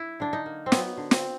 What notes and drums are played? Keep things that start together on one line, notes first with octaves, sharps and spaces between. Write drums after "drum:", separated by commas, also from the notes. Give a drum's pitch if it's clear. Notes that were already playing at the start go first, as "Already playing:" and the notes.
Already playing: E4
D3 D4
D#4
A#3
C4
F#3 B3, drum: snare
D3
C4, drum: snare